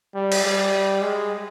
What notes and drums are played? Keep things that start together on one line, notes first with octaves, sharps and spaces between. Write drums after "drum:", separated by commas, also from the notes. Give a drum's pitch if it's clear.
G3
drum: cymbal
G3
G#3